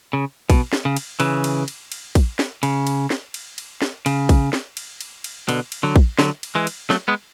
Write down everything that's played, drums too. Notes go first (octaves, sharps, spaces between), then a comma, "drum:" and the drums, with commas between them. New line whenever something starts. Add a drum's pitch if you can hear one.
C#3
B2, drum: kick, cymbal
drum: snare
C#3
drum: cymbal
C#3 E3, drum: cymbal
drum: cymbal
drum: cymbal
drum: cymbal
drum: kick, cymbal
drum: snare
C#3, drum: cymbal
drum: cymbal
drum: snare
drum: cymbal
drum: cymbal
drum: snare
C#3, drum: cymbal
drum: kick, cymbal
drum: snare
drum: cymbal
drum: cymbal
drum: cymbal
B2 D3, drum: cymbal
drum: cymbal
D3 F#3
drum: kick
D3 F#3, drum: snare
drum: cymbal
E3 G#3
drum: cymbal
F#3 A3, drum: snare
G#3 B3